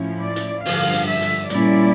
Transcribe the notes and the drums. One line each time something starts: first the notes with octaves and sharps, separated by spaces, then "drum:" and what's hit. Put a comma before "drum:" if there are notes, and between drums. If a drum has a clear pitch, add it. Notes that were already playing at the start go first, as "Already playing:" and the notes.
Already playing: A2 F3 C#4 E4
D5
drum: hi-hat
G2 D3 F3 F5, drum: open hi-hat
drum: hi-hat
E5
drum: hi-hat
A#2 G3 C#4 E4 D5, drum: hi-hat